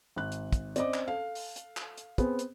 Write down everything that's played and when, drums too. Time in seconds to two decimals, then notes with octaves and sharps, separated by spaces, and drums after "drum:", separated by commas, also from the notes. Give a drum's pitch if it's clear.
0.16 G#1 F#6
0.32 drum: hi-hat
0.53 drum: kick, hi-hat
0.76 C4 C#4 D5 D#5 D6, drum: hi-hat
0.94 drum: clap
1.08 A4 F5
1.35 drum: open hi-hat
1.56 drum: hi-hat
1.77 drum: clap
1.97 drum: hi-hat
2.18 B3 C4 G#4, drum: kick, hi-hat
2.39 drum: hi-hat